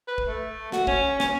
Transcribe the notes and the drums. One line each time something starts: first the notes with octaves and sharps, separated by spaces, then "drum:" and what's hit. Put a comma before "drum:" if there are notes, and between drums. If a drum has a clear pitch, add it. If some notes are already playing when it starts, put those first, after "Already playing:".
B4
drum: kick
A3
F#4, drum: snare
C#4, drum: kick
C#4, drum: snare